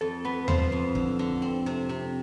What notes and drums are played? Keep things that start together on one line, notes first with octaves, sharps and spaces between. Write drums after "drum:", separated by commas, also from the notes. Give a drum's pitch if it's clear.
F2 A4
B3 B4
F3 C5, drum: tom D#2
F2
D3, drum: kick
D3
C4
C3
C3